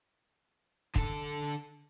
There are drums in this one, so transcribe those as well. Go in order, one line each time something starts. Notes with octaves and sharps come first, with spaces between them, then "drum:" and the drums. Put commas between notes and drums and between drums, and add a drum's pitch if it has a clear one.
D3 A4, drum: kick